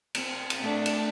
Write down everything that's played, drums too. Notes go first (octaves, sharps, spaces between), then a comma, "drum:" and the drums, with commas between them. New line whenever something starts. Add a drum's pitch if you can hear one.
C4, drum: cymbal
drum: cymbal
A3 D4
drum: cymbal